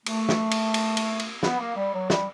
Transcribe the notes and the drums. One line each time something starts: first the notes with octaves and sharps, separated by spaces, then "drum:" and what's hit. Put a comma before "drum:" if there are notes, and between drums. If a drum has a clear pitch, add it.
A3, drum: cymbal
drum: snare
drum: cymbal
drum: cymbal
drum: cymbal
drum: cymbal
B3, drum: snare
A#3
G3
F#3
G3, drum: snare